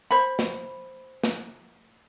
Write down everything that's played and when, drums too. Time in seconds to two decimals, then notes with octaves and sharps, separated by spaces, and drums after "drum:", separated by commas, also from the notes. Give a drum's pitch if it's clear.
0.11 C5 B5
0.39 drum: snare
1.24 drum: snare